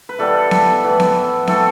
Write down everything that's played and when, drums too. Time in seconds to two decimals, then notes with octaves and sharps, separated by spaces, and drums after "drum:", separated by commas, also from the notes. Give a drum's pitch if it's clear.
0.09 B4
0.19 E3 G3 B3 A4
0.51 drum: snare B3
0.84 A2 E3 B3
1.00 drum: snare B3
1.47 E3 A3 C4 A4, drum: snare B3